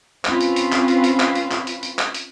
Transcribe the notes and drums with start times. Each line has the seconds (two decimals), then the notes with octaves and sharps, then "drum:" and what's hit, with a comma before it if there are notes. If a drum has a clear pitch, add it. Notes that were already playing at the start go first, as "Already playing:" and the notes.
0.25 C4 C#4 F4 B4, drum: clap
0.41 drum: hi-hat
0.56 drum: hi-hat
0.72 drum: clap
0.88 drum: hi-hat
1.04 drum: hi-hat
1.20 drum: clap
1.35 drum: hi-hat
1.51 drum: clap
1.67 drum: hi-hat
1.83 drum: hi-hat
1.99 drum: clap
2.14 drum: hi-hat